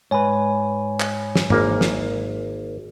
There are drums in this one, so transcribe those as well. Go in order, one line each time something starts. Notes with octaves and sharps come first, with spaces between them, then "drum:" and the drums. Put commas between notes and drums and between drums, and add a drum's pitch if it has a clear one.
G#2 B4 C#5 G#5
drum: clap
drum: snare
G#1 A#3, drum: tom G#2
drum: snare